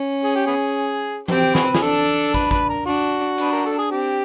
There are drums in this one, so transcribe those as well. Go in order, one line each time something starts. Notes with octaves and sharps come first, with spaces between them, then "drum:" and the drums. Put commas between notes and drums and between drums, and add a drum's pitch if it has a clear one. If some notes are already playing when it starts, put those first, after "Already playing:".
Already playing: C#4
G#4
G4
B3 G#4
C4 G4, drum: tom E3
F#4 G#4 B4, drum: snare
G#4, drum: snare
D4 A4
B4, drum: kick
B4, drum: kick
A#4
D4 F#4
D4 B4, drum: hi-hat
A#4
A4
G#4
C4 G4